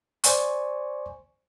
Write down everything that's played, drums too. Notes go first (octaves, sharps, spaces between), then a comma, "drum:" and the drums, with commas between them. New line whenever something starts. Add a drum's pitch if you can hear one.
C5 D5 G#5 C#6, drum: hi-hat